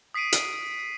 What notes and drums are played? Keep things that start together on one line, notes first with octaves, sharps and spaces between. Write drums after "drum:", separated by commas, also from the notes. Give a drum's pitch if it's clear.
D#6 B6 C7 D7 D#7
drum: hi-hat